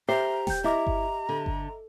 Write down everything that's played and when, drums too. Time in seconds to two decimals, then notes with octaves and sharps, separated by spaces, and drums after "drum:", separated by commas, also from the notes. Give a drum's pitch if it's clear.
0.09 G4 C5 E5 A#5
0.47 G5 G6, drum: snare D#1
0.64 E4 D#5 E5 A#5 D6
0.87 drum: kick G1
1.29 D3
1.46 drum: kick G1